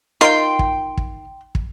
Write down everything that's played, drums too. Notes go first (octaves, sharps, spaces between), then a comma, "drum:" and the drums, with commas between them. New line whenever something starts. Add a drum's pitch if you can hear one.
D#4 F4 A#4 G5 C6
drum: kick
drum: kick
drum: kick